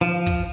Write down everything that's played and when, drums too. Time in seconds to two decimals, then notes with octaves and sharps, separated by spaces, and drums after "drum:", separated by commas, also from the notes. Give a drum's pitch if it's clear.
0.01 F3
0.26 drum: kick, hi-hat